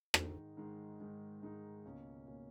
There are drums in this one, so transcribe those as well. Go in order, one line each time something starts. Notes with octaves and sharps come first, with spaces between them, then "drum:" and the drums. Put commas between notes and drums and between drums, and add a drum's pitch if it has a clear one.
G#2 D#3 G#3 D#4, drum: rim click
G#2 D#3 G#3 D#4
G#2 D#3 G#3 D#4
G#2 D#3 G#3 D#4
C#2 B2 A#3 C#4
B2 A#3 C#4